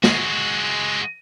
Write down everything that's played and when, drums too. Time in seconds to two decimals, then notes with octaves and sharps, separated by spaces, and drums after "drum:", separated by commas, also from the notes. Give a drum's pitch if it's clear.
0.04 G#3 F#4, drum: snare